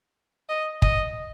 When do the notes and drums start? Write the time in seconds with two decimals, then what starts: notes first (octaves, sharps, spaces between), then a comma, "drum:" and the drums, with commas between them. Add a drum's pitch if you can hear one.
0.49 D#5
0.82 D#5, drum: kick